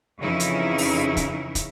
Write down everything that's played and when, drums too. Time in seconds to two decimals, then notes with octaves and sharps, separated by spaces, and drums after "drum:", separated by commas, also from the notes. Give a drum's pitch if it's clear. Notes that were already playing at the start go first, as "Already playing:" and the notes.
0.20 F2 C#3 E3 C#4 D#4 E4
0.40 drum: hi-hat
0.78 drum: open hi-hat
1.17 drum: kick, hi-hat
1.55 drum: kick, hi-hat